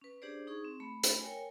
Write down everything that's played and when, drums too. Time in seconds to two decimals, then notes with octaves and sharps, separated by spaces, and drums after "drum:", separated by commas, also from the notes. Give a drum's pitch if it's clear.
0.02 C#4 B4
0.22 D4 G4 G#4 C5 D5
0.47 D#4 G#4 C#6
0.65 C4
0.80 A3 B5
1.03 drum: hi-hat
1.21 A#4 C#5 G5 G#5